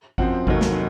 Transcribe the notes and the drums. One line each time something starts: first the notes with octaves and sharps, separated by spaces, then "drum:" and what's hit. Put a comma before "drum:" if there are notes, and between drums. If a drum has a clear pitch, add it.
F#2 F3 C4 F#5, drum: kick G#1
F1 D#2 D#3 F#3, drum: kick G#1
drum: snare